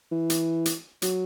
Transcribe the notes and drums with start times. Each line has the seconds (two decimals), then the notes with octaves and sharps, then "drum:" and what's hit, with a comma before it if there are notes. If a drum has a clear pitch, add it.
0.11 E3
0.30 drum: hi-hat
0.66 drum: hi-hat
1.02 F#3, drum: hi-hat